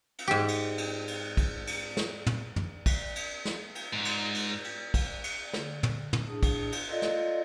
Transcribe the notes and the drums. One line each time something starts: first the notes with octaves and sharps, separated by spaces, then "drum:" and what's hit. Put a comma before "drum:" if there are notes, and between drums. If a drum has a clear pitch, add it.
drum: cymbal
G#2 G4
drum: cymbal
drum: cymbal
drum: cymbal
drum: kick, cymbal
drum: cymbal
drum: snare
drum: tom
drum: tom
drum: kick, cymbal
drum: cymbal
drum: snare
drum: cymbal
G#2
drum: cymbal
drum: cymbal
drum: cymbal
drum: kick, cymbal
drum: cymbal
D3, drum: snare
drum: tom
drum: tom
A2 D4 G#4
drum: kick, cymbal
drum: cymbal
F4 A4 D5 D#5 F5
drum: snare